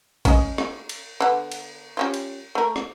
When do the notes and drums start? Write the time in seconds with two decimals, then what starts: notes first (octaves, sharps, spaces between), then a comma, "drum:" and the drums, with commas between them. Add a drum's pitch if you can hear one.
0.25 C#4 D#5, drum: kick A1, cymbal
0.58 drum: rim click
0.89 drum: cymbal
1.20 D3 B3
1.52 drum: cymbal
1.97 G3 C#4 F4
2.14 drum: cymbal
2.55 A3 A#4
2.76 drum: rim click